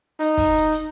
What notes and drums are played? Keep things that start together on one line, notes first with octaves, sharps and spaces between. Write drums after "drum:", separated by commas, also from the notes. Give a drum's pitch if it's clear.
D#4, drum: hi-hat
drum: kick, open hi-hat
drum: hi-hat
drum: hi-hat